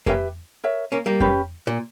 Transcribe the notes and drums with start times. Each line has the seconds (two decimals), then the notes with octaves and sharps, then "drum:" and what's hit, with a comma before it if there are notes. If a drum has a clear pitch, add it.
0.06 A#3 C#4 G4 B4 E5 G5, drum: kick F2
0.64 A#4 C#5 E5
0.92 A#3 C#4
1.06 G3 A#3
1.20 C#4 G4 B4, drum: kick F2
1.67 A#2